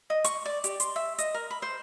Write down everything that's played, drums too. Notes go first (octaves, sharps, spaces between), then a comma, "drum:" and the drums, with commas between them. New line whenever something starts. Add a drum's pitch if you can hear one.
D#5
C#6, drum: hi-hat
D5
G4, drum: hi-hat
C6, drum: hi-hat
E5
D#5, drum: hi-hat
A#4
B5
C5